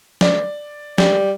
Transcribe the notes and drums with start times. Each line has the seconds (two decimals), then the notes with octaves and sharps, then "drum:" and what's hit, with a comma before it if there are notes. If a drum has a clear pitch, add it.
0.21 D5, drum: snare
0.98 G3, drum: snare